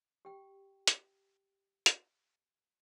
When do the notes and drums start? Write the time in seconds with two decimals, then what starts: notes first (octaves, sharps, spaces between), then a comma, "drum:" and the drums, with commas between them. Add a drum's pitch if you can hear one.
0.25 G4 G5
0.87 drum: hi-hat
1.86 drum: hi-hat